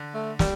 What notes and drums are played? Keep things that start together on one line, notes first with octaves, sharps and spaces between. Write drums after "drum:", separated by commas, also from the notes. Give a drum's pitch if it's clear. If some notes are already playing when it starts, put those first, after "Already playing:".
Already playing: D3
A3
G3, drum: snare